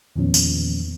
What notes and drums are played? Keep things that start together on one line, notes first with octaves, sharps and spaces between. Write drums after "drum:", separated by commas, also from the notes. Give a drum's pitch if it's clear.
E2 A#2 D#3 F3 B3 C#4
drum: tambourine